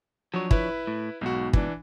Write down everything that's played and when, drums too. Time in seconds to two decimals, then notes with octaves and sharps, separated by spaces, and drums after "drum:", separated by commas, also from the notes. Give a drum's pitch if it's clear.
0.34 F3 F#3 D4 C#5
0.51 E4 B4, drum: kick
0.87 A2
1.21 B1 G#2 B2 F#4
1.53 E3 D4, drum: kick